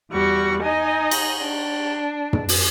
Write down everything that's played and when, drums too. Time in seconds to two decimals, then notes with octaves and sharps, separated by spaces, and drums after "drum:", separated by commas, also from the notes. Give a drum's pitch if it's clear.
0.12 E2 G3 F#4 C#6
0.62 D#4 D#5 G#5
1.11 drum: cymbal
1.41 D4
2.33 drum: tom
2.49 drum: open hi-hat